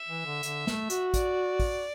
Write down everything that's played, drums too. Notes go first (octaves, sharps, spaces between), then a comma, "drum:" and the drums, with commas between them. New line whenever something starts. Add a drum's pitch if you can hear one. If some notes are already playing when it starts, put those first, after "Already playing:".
Already playing: E5
E3
D3
D3, drum: hi-hat
A3, drum: snare
F#4, drum: hi-hat
D5, drum: kick A1, hi-hat
drum: kick A1, open hi-hat